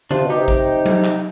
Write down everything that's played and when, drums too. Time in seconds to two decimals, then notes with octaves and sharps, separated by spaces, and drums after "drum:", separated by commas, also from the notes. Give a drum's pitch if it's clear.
0.11 C3 D4 F4, drum: tom D3
0.24 B2
0.30 D#4 G4
0.38 C3
0.48 D#4 G4, drum: kick A1
0.86 drum: tom F#3
1.04 drum: clap